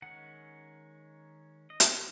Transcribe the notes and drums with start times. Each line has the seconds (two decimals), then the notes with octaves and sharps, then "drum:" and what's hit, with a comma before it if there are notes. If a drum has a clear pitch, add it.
0.02 D#3 G#3 C#4 F#5
1.70 D#5
1.80 drum: hi-hat